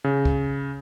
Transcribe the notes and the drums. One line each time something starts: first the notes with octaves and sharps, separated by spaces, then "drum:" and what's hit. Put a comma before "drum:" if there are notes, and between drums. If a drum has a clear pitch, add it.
C#3
drum: kick